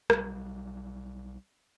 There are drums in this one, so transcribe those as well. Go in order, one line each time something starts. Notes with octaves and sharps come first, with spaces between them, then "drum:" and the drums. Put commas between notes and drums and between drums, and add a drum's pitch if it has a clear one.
B1 G3, drum: rim click